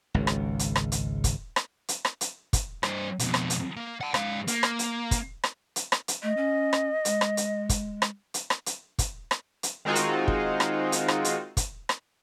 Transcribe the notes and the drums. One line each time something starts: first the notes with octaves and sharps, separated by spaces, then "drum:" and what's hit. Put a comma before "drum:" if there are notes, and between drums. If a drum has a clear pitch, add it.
G#1 C#2
drum: rim click
drum: hi-hat
drum: rim click
drum: hi-hat
drum: kick, hi-hat
drum: rim click
drum: hi-hat
drum: rim click
drum: hi-hat
drum: kick, hi-hat
G2 C5, drum: rim click
F2 B2, drum: hi-hat
drum: rim click
drum: hi-hat
A#3
F#5 A5
G#2 F5, drum: rim click
A#3, drum: hi-hat
drum: rim click
drum: hi-hat
drum: kick, hi-hat
drum: rim click
drum: hi-hat
drum: rim click
drum: hi-hat
A3 D#5
C#4
drum: rim click
G#3, drum: hi-hat
drum: rim click
drum: hi-hat
drum: kick, hi-hat
drum: rim click
drum: hi-hat
drum: rim click
drum: hi-hat
drum: kick, hi-hat
drum: rim click
drum: hi-hat
D#3 G#3 C4 D#4 F4 F#4
drum: hi-hat
drum: kick
drum: rim click
drum: hi-hat
drum: rim click
drum: hi-hat
drum: kick, hi-hat
drum: rim click